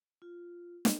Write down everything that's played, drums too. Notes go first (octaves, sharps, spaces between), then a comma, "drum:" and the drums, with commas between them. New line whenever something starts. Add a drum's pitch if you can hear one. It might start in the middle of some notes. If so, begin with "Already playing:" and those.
F4
drum: snare